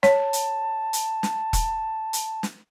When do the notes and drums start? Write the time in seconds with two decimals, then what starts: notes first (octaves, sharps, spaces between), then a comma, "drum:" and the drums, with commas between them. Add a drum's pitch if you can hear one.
0.03 C#5 A5, drum: snare
0.33 drum: hi-hat
0.93 drum: hi-hat
1.23 drum: snare
1.53 drum: kick E1, hi-hat
2.13 drum: hi-hat
2.43 drum: snare